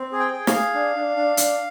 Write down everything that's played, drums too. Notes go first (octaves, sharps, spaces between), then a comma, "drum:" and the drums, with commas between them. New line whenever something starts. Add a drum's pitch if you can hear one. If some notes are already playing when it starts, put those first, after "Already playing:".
Already playing: C4
G#4
G5
G#4
F5, drum: snare
G#4
D4
D4
D4
D4, drum: hi-hat